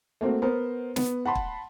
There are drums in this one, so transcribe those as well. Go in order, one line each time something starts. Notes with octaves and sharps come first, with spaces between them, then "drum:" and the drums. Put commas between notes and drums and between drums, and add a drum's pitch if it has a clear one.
A3 A#3 C4 F#4
B3 A#4 C5
B3, drum: snare
F#5 A5 B5 C6
drum: kick